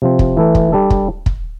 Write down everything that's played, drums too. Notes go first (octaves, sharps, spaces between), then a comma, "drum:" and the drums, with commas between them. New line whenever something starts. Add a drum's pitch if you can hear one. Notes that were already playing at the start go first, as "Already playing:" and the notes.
C3 F3 C4
drum: kick
E3 A3 E4 A4
drum: kick
G3 D4 A4
drum: kick
drum: kick